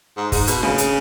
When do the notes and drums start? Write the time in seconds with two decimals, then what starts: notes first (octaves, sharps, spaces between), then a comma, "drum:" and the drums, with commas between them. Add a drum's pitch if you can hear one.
0.17 G#2
0.32 G#2, drum: kick, open hi-hat
0.47 B2, drum: hi-hat
0.63 C#3, drum: snare D4
0.78 drum: hi-hat